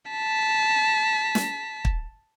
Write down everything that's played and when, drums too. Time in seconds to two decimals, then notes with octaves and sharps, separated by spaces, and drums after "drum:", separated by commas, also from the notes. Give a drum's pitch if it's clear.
0.11 A5 B6
1.35 drum: snare
1.85 drum: kick